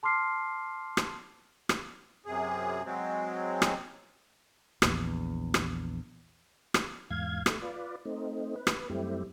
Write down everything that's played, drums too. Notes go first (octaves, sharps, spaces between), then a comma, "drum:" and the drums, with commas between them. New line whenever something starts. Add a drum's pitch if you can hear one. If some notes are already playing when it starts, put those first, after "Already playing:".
A5 C6 D6 F6 C7
drum: rim click
drum: rim click
F#2 C3 G#4
F#3 G#3 C4
drum: rim click
A#1 E2, drum: rim click
drum: rim click
drum: rim click
E2 G#2 F5 G#6
A3, drum: rim click
F4 B4 D5
A3 C4 D#4
B4
drum: rim click
F#2 G3 A3 C4 E4 G4